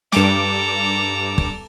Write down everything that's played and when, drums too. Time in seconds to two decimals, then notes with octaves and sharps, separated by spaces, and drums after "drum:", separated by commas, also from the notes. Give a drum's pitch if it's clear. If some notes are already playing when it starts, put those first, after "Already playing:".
0.12 G2 A4 A#5 D6, drum: snare
1.38 drum: kick